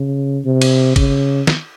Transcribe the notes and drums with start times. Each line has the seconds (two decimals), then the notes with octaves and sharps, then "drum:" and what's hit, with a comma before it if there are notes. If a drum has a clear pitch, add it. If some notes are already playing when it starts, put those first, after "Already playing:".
Already playing: C#3
0.45 C3
0.61 drum: cymbal
0.96 C#3, drum: kick, cymbal
1.47 drum: snare